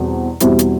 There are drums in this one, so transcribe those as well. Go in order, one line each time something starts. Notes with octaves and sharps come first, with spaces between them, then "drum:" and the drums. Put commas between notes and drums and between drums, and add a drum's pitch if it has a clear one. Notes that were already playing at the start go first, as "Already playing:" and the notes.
Already playing: E2 B2 G3 C4
E2 B2 G3 C4 E4, drum: hi-hat
drum: hi-hat